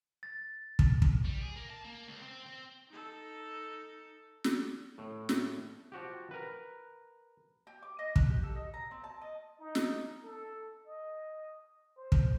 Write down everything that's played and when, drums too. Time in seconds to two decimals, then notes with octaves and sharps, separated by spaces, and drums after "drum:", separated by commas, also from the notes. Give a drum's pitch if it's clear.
0.23 A6
0.79 drum: kick
1.02 drum: kick
1.24 G3
1.41 G#4
1.56 A#3
1.70 A5
1.85 A#3
2.07 C#2
2.22 C4
2.47 C4
2.88 D#4 A4
4.44 drum: snare
4.98 A2
5.29 drum: snare
5.92 F3 F#4 G4
6.31 A#4 B4
7.67 G4
7.83 D6
7.99 D#5
8.16 F#6, drum: kick
8.29 G4
8.43 A4
8.55 D#4
8.74 A#5
8.91 C4
9.04 A5
9.21 D#5
9.60 D#4
9.75 drum: snare
10.23 A4
10.87 D#5
11.97 C5
12.12 drum: kick